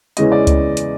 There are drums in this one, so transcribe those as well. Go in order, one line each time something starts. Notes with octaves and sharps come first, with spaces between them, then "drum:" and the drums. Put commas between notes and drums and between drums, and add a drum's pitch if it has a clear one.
E2 C#3 E3 G#3 C#4 D#5, drum: hi-hat
D5
drum: kick C#2, hi-hat
drum: hi-hat